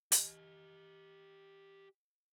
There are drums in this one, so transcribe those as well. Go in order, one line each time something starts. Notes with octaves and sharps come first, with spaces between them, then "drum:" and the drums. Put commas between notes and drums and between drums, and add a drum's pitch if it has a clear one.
G4 D#5, drum: hi-hat